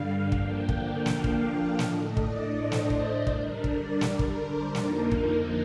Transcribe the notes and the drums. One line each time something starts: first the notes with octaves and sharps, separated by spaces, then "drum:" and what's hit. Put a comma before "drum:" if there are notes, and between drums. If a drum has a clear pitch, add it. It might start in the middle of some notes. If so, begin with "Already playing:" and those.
Already playing: G2 D3 G3 F5
D3 F3 A#3 D4 G5, drum: kick
drum: kick
F5, drum: snare
drum: kick
A2 A3 D4 D#5, drum: snare
D5, drum: kick
C5
drum: snare
drum: kick
D3 G3 D4 A#4, drum: kick
D5, drum: kick
D5, drum: snare
drum: kick
C5
F2 D3 F3 A#3 D#4 A#4, drum: snare
drum: kick